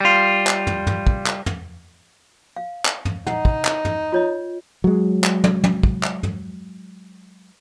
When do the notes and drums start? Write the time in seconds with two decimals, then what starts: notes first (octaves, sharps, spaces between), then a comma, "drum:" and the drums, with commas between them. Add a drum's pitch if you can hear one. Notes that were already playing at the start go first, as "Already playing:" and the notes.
0.01 G3 F4
0.47 drum: clap
0.67 drum: tom
0.87 drum: tom
1.07 drum: kick
1.26 drum: clap
1.46 drum: tom
2.56 F5
2.85 drum: clap
3.05 drum: tom
3.27 D#4 F#5, drum: tom
3.45 drum: kick
3.65 drum: clap
3.85 drum: tom
4.12 F4 C#5 D#5
4.84 F#3 G#3
5.24 drum: clap
5.44 drum: tom
5.64 drum: tom
5.83 drum: kick
6.03 drum: clap
6.23 drum: tom